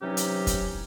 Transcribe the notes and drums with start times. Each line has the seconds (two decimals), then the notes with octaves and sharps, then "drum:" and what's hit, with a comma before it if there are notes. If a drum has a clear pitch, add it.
0.02 C3 E3 F#3 C#4 D#4 G4
0.17 drum: hi-hat
0.47 drum: kick, hi-hat